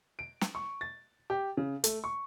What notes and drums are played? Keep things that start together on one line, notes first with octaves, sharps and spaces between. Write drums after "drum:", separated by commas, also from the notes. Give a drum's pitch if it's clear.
D7
drum: snare
C#6
A6
G4
C#3
A3, drum: hi-hat
C#6